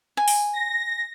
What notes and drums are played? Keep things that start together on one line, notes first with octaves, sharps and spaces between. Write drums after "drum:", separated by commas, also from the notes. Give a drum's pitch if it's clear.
G#5
drum: open hi-hat
A#6